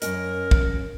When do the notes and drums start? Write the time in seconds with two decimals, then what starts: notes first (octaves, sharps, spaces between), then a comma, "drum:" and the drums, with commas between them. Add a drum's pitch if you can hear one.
0.02 F#2 C#4 A#4 D#5, drum: hi-hat
0.51 drum: kick